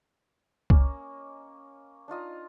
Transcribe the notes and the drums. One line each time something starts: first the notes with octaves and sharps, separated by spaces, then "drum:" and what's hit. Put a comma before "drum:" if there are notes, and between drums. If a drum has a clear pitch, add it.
A#3 C#4 D#5, drum: kick C2
D4 D#4 F4 D#5